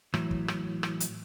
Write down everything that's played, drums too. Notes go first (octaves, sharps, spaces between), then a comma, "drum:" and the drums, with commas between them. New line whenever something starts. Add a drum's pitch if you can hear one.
A2 E3 F#3, drum: rim click
drum: kick
drum: rim click
drum: rim click
drum: hi-hat